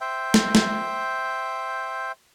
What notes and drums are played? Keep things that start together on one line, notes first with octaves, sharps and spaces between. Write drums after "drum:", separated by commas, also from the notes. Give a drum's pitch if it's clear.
C5 E5 G5
drum: snare
drum: snare